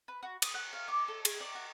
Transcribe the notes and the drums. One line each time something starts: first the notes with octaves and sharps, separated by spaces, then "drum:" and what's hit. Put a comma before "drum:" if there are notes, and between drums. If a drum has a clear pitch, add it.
B4
F#4
D#6, drum: cymbal
F#5
F5
D6
A4
G#4, drum: cymbal
D5
F#4